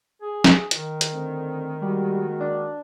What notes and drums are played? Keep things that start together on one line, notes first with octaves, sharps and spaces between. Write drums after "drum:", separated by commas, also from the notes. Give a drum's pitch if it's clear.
G#4
drum: snare
D#3, drum: hi-hat
drum: hi-hat
D3 A3 C4
G3 G#3 A#3 F#4
D4